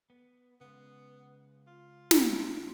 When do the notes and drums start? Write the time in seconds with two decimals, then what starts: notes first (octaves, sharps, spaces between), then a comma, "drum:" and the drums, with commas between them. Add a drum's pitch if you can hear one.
0.10 B3
0.61 C#3 G#3 B3
1.67 F4
2.11 drum: snare
2.40 A#1 C6 D7